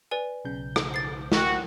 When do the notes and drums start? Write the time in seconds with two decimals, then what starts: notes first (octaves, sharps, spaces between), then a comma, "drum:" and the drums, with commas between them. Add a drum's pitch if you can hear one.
0.11 B4 D5 G#5
0.45 B1 C#3 G6
0.76 drum: rim click
0.94 A6 C7
1.32 F#4 A#4 G5, drum: snare